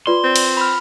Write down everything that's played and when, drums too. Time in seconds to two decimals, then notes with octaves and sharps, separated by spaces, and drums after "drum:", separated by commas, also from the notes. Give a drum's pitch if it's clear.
0.07 F4 B4 D5 C6
0.24 C4
0.36 drum: cymbal
0.57 B5 F6